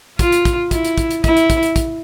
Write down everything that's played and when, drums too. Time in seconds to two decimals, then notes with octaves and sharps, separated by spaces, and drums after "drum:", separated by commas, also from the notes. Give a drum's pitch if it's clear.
0.19 F4, drum: kick, hi-hat
0.32 drum: hi-hat
0.45 drum: kick, hi-hat
0.71 E4, drum: kick, hi-hat
0.85 drum: hi-hat
0.98 drum: kick, hi-hat
1.11 drum: hi-hat
1.24 E4, drum: kick, hi-hat
1.37 drum: hi-hat
1.50 drum: kick, hi-hat
1.63 drum: hi-hat
1.76 drum: kick, hi-hat